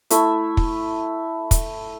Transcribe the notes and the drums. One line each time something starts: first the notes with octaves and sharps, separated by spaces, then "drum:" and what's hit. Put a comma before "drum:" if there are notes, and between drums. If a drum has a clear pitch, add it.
A3 E4 E5, drum: hi-hat
drum: kick
drum: kick, hi-hat